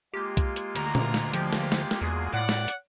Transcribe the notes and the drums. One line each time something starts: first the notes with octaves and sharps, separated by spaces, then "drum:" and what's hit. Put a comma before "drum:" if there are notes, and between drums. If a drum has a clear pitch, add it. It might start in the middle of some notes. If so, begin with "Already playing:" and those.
G#3 A#3 F4 G4
drum: kick B1, hi-hat
drum: hi-hat
D2 A#5, drum: hi-hat
drum: tom A#2
drum: snare
F3 G4, drum: hi-hat
drum: snare
drum: snare
drum: snare
E2 F#4 G#4
A2 D5 F#5
drum: snare
drum: hi-hat